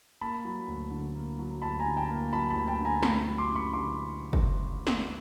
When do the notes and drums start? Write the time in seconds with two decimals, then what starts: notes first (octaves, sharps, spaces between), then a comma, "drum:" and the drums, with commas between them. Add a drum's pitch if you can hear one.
0.21 A#3 A5 B5
0.45 F#3
0.68 D2
0.91 D3
1.15 A#3
1.39 F#3
1.62 D2 A5 B5
1.79 G#5 A#5
1.85 D3
1.97 G5 A5
2.09 A#3
2.33 F#3 A5 B5
2.50 A5 B5
2.56 D2
2.67 G5 A5
2.80 D3
2.85 G#5 A#5
3.03 A3 A5 B5, drum: snare
3.26 F#3
3.38 C6 D6
3.50 F#2
3.56 B5 C#6
3.73 D3 C6 D6
4.33 drum: kick
4.87 drum: snare